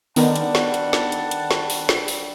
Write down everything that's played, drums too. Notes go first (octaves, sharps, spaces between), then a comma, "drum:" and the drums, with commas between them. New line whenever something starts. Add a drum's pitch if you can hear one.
D3 D#3 G3 B3 A4 F#5 A5, drum: open hi-hat
drum: hi-hat
drum: snare
drum: hi-hat
drum: snare
drum: hi-hat
drum: hi-hat
drum: snare
drum: open hi-hat
drum: snare
drum: open hi-hat